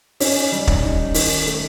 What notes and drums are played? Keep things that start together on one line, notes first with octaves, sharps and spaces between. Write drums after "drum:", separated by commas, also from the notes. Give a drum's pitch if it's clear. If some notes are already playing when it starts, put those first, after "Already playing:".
C#4 D#4, drum: open hi-hat
G3
drum: kick
D#4
D#3, drum: open hi-hat
A3